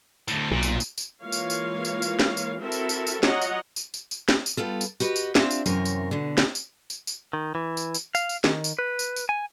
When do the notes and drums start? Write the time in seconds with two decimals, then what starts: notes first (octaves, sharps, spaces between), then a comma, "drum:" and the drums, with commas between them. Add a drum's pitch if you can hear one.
0.28 D2 A2, drum: tambourine
0.52 B1 A#2
0.63 drum: tambourine
0.80 drum: tambourine
0.98 drum: tambourine
1.23 E3 G#3 A#3 F4 C#5 F5
1.32 drum: tambourine
1.50 drum: tambourine
1.85 drum: tambourine
2.02 drum: tambourine
2.20 drum: snare
2.37 drum: tambourine
2.60 C4 E4 F#4 A4 A#4 E5
2.72 drum: tambourine
2.89 drum: tambourine
3.07 drum: tambourine
3.23 F#3 F4 C#5 D#5 F#5 A#5, drum: snare
3.41 drum: tambourine
3.76 drum: tambourine
3.94 drum: tambourine
4.11 drum: tambourine
4.29 drum: snare
4.46 drum: tambourine
4.57 G3 B3 F4 A4
4.81 drum: tambourine
5.00 F#4 G4 B4 C#5 D#5, drum: tambourine
5.16 drum: tambourine
5.35 C4 D4 F4 G4 E5, drum: snare
5.51 drum: tambourine
5.66 F#2 C3 E3 C4 A#4 C#5, drum: tambourine
5.85 drum: tambourine
6.11 B2 D3
6.38 drum: snare
6.55 drum: tambourine
6.90 drum: tambourine
7.07 drum: tambourine
7.33 D#3
7.55 E3
7.77 drum: tambourine
7.94 drum: tambourine
8.15 F5, drum: tambourine
8.29 drum: tambourine
8.44 D#3, drum: snare
8.64 drum: tambourine
8.79 B4
8.99 drum: tambourine
9.16 drum: tambourine
9.29 G#5